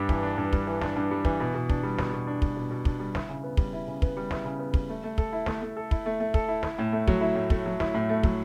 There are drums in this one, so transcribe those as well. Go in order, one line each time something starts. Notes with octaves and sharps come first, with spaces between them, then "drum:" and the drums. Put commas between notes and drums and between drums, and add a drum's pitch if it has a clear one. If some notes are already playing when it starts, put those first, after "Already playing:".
Already playing: G2 G3 D4
E3, drum: kick
D4
G2
G3, drum: kick
E3
D4, drum: snare
G2
G3
E3, drum: kick
B2
B2
D4, drum: kick
G3
B2, drum: snare
B2
D4
G3, drum: kick
B2
B2
D4, drum: kick
G3
E4, drum: snare
C#3
B3
G3, drum: kick
E4
C#3
B3, drum: kick
G3
E4, drum: snare
C#3
B3
G3, drum: kick
A3
A3
A4, drum: kick
E4
A3, drum: snare
A3
A4
E4, drum: kick
A3
A3
A4, drum: kick
E4
E4, drum: snare
A2
A3
F#3, drum: kick
E4
A2
A3, drum: kick
F#3
E4, drum: snare
A2
A3
F#3, drum: kick